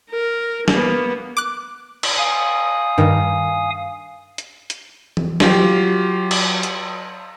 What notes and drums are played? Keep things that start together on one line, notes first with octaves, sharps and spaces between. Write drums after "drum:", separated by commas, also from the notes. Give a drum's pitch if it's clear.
A#4
A#3 B3, drum: snare
D6 F#6
drum: cymbal
F5 G#5 D#6
G2 D#3
drum: hi-hat
drum: hi-hat
drum: tom E3
F#3 F4 G4, drum: snare
drum: cymbal
drum: hi-hat